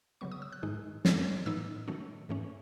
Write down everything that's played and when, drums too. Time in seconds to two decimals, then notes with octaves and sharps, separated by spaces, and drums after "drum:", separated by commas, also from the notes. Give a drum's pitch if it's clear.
0.21 C#3 F#3 B3 C#6
0.31 D#6
0.42 E6
0.52 F#6
0.63 G#2 D#3 G#3 D#4
1.05 F#2 D#3 G#3, drum: snare
1.46 A2 E3 B3 D#4 E6
1.88 D#3 F#3 A3 C#4
2.29 G#2 E3 A3 C#4